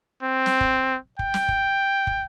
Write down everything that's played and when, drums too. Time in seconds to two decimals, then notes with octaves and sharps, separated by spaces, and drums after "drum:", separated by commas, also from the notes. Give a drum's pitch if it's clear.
0.23 C4
0.46 drum: snare
0.61 drum: kick
1.19 G5, drum: kick
1.34 drum: snare
1.48 drum: kick
2.07 drum: kick